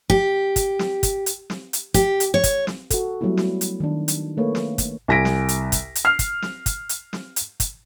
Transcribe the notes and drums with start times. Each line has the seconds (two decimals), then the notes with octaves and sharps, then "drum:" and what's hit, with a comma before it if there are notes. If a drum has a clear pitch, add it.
0.10 G4, drum: kick
0.56 drum: kick, hi-hat
0.79 drum: snare
1.03 drum: kick, hi-hat
1.26 drum: hi-hat
1.50 drum: snare
1.73 drum: hi-hat
1.94 G4, drum: kick, hi-hat
2.20 drum: hi-hat
2.34 C#5
2.44 drum: kick, hi-hat
2.67 drum: snare
2.90 F#4 A4, drum: kick, hi-hat
3.21 F#3 G3 A3 B3 E4
3.37 drum: snare
3.61 drum: hi-hat
3.80 D#3 D4
4.08 drum: hi-hat
4.37 A3 A#3 B4 C#5
4.55 drum: snare
4.78 drum: kick, hi-hat
5.08 C2 G#5 A#6 B6 D7
5.25 drum: snare
5.49 drum: hi-hat
5.72 drum: kick, hi-hat
5.95 drum: hi-hat
6.05 F6 C7
6.19 drum: kick, hi-hat
6.42 drum: snare
6.66 drum: kick, hi-hat
6.89 drum: hi-hat
7.13 drum: snare
7.36 drum: hi-hat
7.60 drum: kick, hi-hat